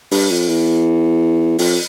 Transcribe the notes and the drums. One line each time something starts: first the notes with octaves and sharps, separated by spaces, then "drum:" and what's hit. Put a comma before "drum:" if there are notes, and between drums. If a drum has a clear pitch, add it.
G2, drum: open hi-hat
F2
E2
F2, drum: open hi-hat